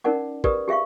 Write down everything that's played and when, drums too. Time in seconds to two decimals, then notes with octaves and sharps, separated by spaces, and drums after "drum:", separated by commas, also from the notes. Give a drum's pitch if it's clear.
0.04 C#4 D#4 A#4 D5 F#5 D6
0.44 G4 A#4 B4 D5 D#6, drum: kick
0.68 G4 G#4 E5 F5 C#6